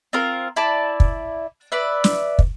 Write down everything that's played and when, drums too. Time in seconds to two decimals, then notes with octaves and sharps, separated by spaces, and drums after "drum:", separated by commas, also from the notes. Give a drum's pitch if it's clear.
0.13 C4 F4 A#4
0.57 E4 D5 A5
1.00 drum: kick
1.72 B4 D5 E5
2.04 drum: snare
2.39 drum: kick